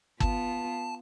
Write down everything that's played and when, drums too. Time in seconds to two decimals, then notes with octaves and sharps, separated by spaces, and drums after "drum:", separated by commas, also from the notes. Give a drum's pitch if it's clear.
0.20 B3 F4 A5, drum: kick G1